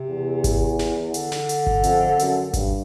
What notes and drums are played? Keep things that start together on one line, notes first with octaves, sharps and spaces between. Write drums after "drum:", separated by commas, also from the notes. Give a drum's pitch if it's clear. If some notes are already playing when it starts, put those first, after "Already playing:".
Already playing: C3
E2
drum: kick G#1, hi-hat
drum: snare
D3, drum: hi-hat
drum: snare
drum: hi-hat
drum: kick G#1
F2, drum: hi-hat
F#2, drum: hi-hat
G2, drum: kick G#1, hi-hat